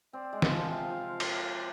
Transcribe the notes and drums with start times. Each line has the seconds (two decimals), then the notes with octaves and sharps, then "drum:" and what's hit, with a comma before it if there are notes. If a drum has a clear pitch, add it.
0.13 C4 D5
0.33 G#3
0.42 F5, drum: snare
0.51 F3
0.70 C3 F5
0.90 F3
1.20 drum: cymbal